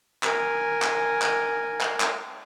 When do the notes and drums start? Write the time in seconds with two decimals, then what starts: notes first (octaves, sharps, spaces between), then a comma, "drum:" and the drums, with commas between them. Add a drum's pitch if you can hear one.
0.23 A#4 G#5, drum: clap
0.82 drum: clap
1.22 drum: clap
1.81 drum: clap
2.00 drum: clap